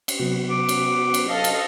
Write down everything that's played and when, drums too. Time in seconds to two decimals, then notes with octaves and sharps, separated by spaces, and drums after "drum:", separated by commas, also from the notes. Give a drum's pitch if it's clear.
0.08 drum: cymbal
0.19 C3 F#3 B3 F#4
0.50 D6
0.69 drum: cymbal
1.14 drum: cymbal
1.29 A4 D#5 F5
1.44 drum: cymbal